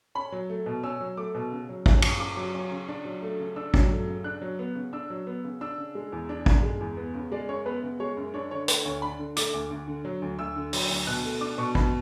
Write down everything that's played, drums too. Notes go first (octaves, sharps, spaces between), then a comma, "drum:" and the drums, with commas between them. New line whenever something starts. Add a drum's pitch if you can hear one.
C#4 B5
F#3
A3
B2
C#4 E6
F#3
A3 D6
B2
C#3
F#3
C#4, drum: kick
C#3, drum: cymbal
C#3 D6
F#3
C#4
C#3
D4
F#3
A3
C#3
D4 E6
F#3, drum: kick
A3
C#3
D4 F#6
F#3
B3
C#3
D4 E6
F#3
B3
C#3
D4 E6
C#3
G#3
E2
D4
C#3, drum: kick
G#3
E2
B3
C#3
G#3 D5
F#2 C#5
B3 B4
C#3
G#3 C#5
F#2
D4 C#5
D3 C#5
A3 B4, drum: hi-hat
D2 C#5
D4 B5
D3
A3 D6, drum: hi-hat
D2
D2
D3
F#3
D2
D2 E6
D3
F#3, drum: open hi-hat
D2
B2 F#6
A3
D4 D6
B2 C#6
B2 B5, drum: kick